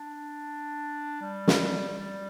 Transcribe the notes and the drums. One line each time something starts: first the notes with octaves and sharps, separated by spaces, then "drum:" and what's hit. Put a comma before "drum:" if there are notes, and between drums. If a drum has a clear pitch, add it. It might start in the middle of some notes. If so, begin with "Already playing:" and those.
Already playing: D4
G3
drum: snare
G3